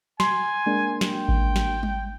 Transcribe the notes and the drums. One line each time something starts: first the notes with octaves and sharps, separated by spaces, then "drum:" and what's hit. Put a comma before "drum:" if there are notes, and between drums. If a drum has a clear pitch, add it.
G#5 C6, drum: snare
G#3 A#3 D4
G5, drum: snare
drum: kick A1
drum: snare
drum: tom G3